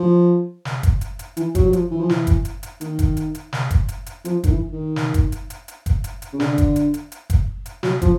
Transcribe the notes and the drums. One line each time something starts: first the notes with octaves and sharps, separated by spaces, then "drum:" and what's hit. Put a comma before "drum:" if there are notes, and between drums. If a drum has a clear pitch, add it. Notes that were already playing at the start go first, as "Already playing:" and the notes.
Already playing: F3
drum: snare
drum: kick, hi-hat
drum: hi-hat
drum: hi-hat
E3, drum: hi-hat
F#3, drum: kick, hi-hat
F#3
F3, drum: hi-hat
E3
F3
E3, drum: snare
drum: kick, hi-hat
drum: hi-hat
drum: hi-hat
D#3, drum: hi-hat
drum: kick, hi-hat
drum: hi-hat
drum: hi-hat
drum: snare
drum: kick, hi-hat
drum: hi-hat
drum: hi-hat
F3, drum: hi-hat
D#3, drum: kick, hi-hat
E3
D#3
drum: snare
drum: kick, hi-hat
drum: hi-hat
drum: hi-hat
drum: hi-hat
drum: kick, hi-hat
drum: hi-hat
drum: hi-hat
C#3
D3, drum: snare
drum: kick, hi-hat
drum: hi-hat
drum: hi-hat
drum: hi-hat
drum: kick, hi-hat
drum: hi-hat
F#3, drum: snare
F3, drum: kick, hi-hat